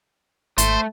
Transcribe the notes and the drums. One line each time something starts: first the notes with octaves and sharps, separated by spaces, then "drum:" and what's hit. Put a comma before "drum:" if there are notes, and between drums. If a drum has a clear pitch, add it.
G#1 A3 C5, drum: hi-hat